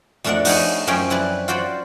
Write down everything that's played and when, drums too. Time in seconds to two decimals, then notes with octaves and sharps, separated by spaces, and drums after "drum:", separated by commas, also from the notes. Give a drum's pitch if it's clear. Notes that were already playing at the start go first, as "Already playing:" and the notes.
0.24 F2 A3 D4 A#4 D5 F#5
0.45 D#4 F#4 B4 C#5 F5, drum: open hi-hat
0.87 F#2 F3 C#4 A#4 C#5 G5
1.10 C4 E4 B4 D5
1.48 F4 F#4 C5 D5 B5